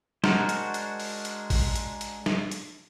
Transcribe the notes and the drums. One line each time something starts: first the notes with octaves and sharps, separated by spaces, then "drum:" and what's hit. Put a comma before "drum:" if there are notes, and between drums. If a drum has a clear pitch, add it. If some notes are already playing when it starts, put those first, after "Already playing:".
G#3 D4 F#4 A#4 C5, drum: snare
drum: hi-hat
drum: hi-hat
drum: open hi-hat
drum: hi-hat
drum: kick A1, open hi-hat
drum: hi-hat
drum: hi-hat
drum: snare
drum: hi-hat